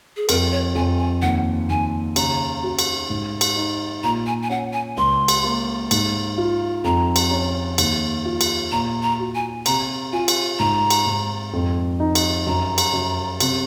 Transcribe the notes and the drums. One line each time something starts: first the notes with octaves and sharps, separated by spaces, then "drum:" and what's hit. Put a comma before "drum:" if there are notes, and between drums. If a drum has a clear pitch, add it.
G#4
F2 A#4, drum: cymbal
C#5
F2 G#5
G#5
D#2 F#5
D#2 G#5
C#3 A#5, drum: cymbal
F#4
drum: cymbal
G#2
drum: cymbal
D#4
A#2 A#5
G#5
G#5
C#4 F#5
G#5
C#2 C6
drum: cymbal
A#3
G#2, drum: cymbal
F4
F2 A#5
drum: cymbal
C#4
D#2, drum: cymbal
F4
drum: cymbal
A#2 A#5
A#5
F#4
G#5
C3 A#5, drum: cymbal
F4 G#5
drum: cymbal
G#2 A#5
drum: cymbal
G#2
F2
D#4
drum: cymbal
F#2 A#5
drum: cymbal
F#2
C3, drum: cymbal